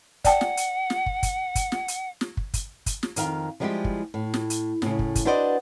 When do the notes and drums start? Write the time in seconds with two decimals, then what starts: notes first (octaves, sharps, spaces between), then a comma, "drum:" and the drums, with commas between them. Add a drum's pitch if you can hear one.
0.25 D5 F#5 G5 A5, drum: kick, hi-hat
0.41 drum: snare
0.57 drum: hi-hat
0.90 drum: snare
1.06 drum: kick
1.23 drum: kick, hi-hat
1.55 drum: kick, hi-hat
1.72 drum: snare
1.88 drum: hi-hat
2.21 drum: snare
2.37 drum: kick
2.54 drum: kick, hi-hat
2.86 drum: kick, hi-hat
3.03 drum: snare
3.16 F2 D#3 F5, drum: hi-hat
3.60 F3 G3 G#3 B3 E4 G4
3.85 drum: kick
4.14 A2
4.34 drum: snare
4.50 drum: hi-hat
4.82 A2 C#3, drum: snare
4.99 drum: kick
5.15 drum: kick, hi-hat
5.25 D4 F#4 B4 C5 D5 D#5